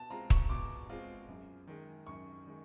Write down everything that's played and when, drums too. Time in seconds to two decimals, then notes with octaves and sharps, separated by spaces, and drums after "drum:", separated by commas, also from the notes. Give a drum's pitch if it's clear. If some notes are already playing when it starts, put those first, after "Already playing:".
Already playing: B2 A5
0.10 G#3 C4 F4 A#5
0.30 C#6, drum: kick
0.50 B2 D6
0.90 G#3 C4 F4
1.28 F#2
1.67 D#3 G#3
2.07 F#2 C#6
2.47 D#3 G#3